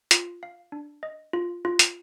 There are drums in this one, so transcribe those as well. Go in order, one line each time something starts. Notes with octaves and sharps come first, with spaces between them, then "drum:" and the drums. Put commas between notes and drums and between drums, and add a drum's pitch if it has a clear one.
F4, drum: hi-hat
F5
D4
D#5
F4
F4
drum: hi-hat